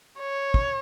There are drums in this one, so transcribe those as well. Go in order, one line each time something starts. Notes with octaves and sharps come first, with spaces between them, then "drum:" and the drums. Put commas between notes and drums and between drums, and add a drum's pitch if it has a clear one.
C#5
drum: kick